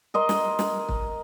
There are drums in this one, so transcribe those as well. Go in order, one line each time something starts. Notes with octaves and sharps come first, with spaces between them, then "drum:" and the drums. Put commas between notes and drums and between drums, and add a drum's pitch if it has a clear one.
A#4 D#5 C6
drum: snare
drum: snare
drum: kick